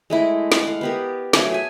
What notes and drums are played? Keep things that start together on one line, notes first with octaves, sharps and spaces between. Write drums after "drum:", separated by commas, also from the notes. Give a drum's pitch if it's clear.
G#3 A3 E4 D#5
drum: snare
F5 F#5
B3 G4 A#4
F#3 A3 G#4, drum: snare
G#4 E5 G#5